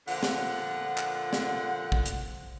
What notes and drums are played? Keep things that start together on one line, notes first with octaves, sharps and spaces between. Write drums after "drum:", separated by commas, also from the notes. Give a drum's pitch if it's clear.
A#2 D3 F3 F#5, drum: open hi-hat
drum: snare
drum: clap
drum: snare
drum: kick
drum: hi-hat